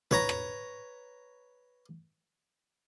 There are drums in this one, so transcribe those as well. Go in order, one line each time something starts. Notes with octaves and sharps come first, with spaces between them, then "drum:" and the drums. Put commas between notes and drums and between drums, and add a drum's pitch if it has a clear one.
B4 C#5 A#5, drum: tom
drum: rim click